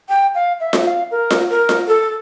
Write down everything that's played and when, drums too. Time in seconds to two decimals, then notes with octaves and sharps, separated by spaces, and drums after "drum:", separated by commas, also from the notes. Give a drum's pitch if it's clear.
0.09 G5
0.35 F5
0.60 E5
0.73 drum: snare F4
0.85 F5
1.11 A#4
1.30 drum: snare F4
1.50 A#4
1.69 drum: snare F4
1.88 A4